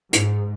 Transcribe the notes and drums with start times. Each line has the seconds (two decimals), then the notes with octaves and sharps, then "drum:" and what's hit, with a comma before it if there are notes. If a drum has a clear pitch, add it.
0.13 G#2, drum: hi-hat